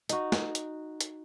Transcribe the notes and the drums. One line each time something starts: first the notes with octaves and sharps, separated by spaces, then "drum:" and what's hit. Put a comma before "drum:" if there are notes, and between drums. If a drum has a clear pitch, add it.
D#4 F#4, drum: hi-hat
drum: snare
drum: hi-hat
drum: hi-hat